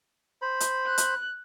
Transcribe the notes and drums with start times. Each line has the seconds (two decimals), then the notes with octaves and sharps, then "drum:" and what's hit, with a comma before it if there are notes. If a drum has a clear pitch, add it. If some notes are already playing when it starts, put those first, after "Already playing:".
0.42 C5 B5
0.60 drum: hi-hat
0.86 F#6
0.98 drum: hi-hat